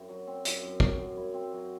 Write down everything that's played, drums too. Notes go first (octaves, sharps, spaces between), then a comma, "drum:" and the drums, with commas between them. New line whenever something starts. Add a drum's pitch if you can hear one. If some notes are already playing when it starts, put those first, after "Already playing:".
Already playing: F#2 C4 E4
F#3
C4
F#2, drum: hi-hat
F#2
F#3, drum: kick
F#2
E4
C4
F#3